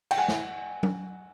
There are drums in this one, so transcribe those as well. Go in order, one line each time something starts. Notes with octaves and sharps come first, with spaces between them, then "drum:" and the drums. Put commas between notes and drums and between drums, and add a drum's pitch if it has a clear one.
G5, drum: cymbal
F#5 G#5
drum: snare
drum: tom F#3